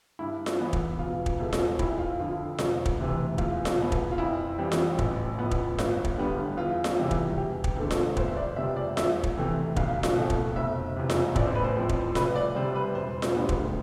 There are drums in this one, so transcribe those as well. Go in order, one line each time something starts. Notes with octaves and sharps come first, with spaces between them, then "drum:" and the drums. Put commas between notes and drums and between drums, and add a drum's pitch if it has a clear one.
G2 E4
drum: snare F4
E3 B3
drum: kick
E1 F4
drum: kick
E2 B2 A3
drum: snare F4
F2 E4, drum: kick
F4
D3 F3 F4
E1, drum: snare F4
drum: kick
D2 C3 E3
E2 F4, drum: kick
drum: snare F4
B2 B3
drum: kick
F4
F2 E4
E3 G3 C4
drum: snare F4
A1, drum: kick
A2 F3 B3
drum: kick
G1, drum: snare F4
drum: kick
G2 D3 G3 B3
E2 F4
drum: snare F4
C3 E3 G3 C4
drum: kick
E1 G4
drum: kick
E2 D3 A3 C4
drum: snare F4
G1 C5, drum: kick
E5
D5
F2 C3 G3 C4 E5
D5
E2 E5, drum: snare F4
drum: kick
C3 E3 A3 C4
B1 F5, drum: kick
drum: snare F4
B2 A3 C4
drum: kick
F1 E5
E2 C3
drum: snare F4
A1 D5, drum: kick
C5
B4
C5
A2 F3 C4
drum: kick
C2 B4, drum: snare F4
D5
C3 G3 C5
B4
E1 C5
drum: snare F4
D2 D3 G3 B3
drum: kick